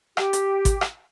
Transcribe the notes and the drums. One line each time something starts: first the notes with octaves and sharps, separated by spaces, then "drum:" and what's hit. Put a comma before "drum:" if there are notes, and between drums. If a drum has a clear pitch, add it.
G4, drum: rim click
drum: hi-hat
drum: kick, hi-hat
drum: rim click